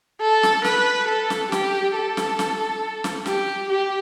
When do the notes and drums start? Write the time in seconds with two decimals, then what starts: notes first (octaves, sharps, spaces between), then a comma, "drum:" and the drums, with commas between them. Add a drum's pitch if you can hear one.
0.21 A4
0.43 drum: snare
0.64 B4, drum: snare
1.08 A4
1.30 drum: snare
1.52 G4, drum: snare
1.96 A4
2.17 drum: snare
2.39 drum: snare
3.04 drum: snare
3.26 G4, drum: snare
3.70 G4